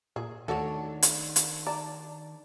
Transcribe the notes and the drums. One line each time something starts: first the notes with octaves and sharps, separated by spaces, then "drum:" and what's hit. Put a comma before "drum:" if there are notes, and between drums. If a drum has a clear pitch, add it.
A#2 G#4
D#2 D#3 A3 D4 F#4 A4 C#5 D5
drum: hi-hat
drum: hi-hat
D5 A5 A#5